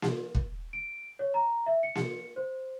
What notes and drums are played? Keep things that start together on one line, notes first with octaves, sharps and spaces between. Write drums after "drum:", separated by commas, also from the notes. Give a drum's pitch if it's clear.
drum: snare A#3
drum: kick
D7
C#5
A#5
E5
C#7
drum: snare A#3
C5